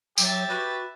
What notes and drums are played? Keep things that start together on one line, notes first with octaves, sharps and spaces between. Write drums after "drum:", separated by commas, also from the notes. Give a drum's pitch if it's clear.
F#3 G4 E5 A6, drum: tambourine
F#4 B4